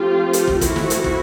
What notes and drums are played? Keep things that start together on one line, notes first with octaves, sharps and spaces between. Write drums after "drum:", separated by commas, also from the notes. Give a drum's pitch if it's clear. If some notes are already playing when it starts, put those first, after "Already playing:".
Already playing: F3 A3 C4 F4 G4
drum: hi-hat
drum: kick
E4 F#4, drum: kick, hi-hat
drum: snare
drum: hi-hat
drum: kick